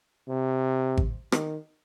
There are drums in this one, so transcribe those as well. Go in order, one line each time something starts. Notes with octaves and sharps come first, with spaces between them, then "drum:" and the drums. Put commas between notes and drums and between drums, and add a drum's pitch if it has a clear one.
C3
drum: kick G#1
D#3, drum: rim click